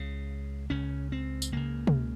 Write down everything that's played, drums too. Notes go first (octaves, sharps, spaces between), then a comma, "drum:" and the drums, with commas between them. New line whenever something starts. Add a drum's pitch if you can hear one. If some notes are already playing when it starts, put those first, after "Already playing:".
Already playing: C#2 C#3
C#2 C#3 C#4
C4
drum: tambourine
C#2 C#3 A#3
drum: tom